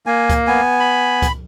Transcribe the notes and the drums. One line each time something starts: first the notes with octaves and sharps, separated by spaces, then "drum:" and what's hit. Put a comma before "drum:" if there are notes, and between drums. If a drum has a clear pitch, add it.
A#3 G#5
drum: kick C#2, hi-hat
B3 G#5
B5
drum: kick C#2, hi-hat